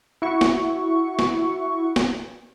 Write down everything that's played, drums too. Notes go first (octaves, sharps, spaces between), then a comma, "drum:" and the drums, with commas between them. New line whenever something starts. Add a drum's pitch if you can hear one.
E4 F#4 C#6
drum: snare
drum: snare
drum: snare